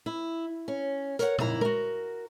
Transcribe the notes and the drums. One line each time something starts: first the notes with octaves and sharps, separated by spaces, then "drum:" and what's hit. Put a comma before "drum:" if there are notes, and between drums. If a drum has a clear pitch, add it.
E4
C#4
A#4 C#5 F#5, drum: hi-hat
F2 G#2 E4 A#4 A#5, drum: tom
F#4 A#4, drum: tom